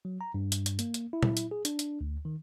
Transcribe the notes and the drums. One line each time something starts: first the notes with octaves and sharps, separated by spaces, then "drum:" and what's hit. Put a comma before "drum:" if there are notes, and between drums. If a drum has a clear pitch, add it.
F#3
A#5
G2
drum: hi-hat
drum: hi-hat
A#3, drum: hi-hat
drum: hi-hat
E4
drum: tom A#2
drum: hi-hat
G#4
D4, drum: hi-hat
drum: hi-hat
D2
D#3